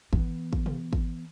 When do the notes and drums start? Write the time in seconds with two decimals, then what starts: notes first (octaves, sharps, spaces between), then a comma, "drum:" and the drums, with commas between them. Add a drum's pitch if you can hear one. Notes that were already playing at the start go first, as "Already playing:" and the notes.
0.13 E3 B3, drum: kick
0.53 drum: kick
0.66 drum: tom
0.93 drum: kick